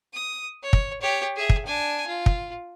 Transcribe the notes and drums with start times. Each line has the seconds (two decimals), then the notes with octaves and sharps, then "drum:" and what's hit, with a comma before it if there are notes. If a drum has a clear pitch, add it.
0.13 D#6
0.63 C#5
0.73 drum: kick
1.01 G4 C#5
1.36 G#4 E5
1.49 drum: kick
1.66 D4 G#5
2.07 F4
2.26 drum: kick